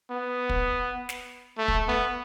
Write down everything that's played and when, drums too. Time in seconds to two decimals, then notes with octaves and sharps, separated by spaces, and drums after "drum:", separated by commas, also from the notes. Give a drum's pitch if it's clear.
0.10 B3
0.49 drum: kick
1.09 drum: snare
1.58 A3
1.68 drum: kick
1.88 B3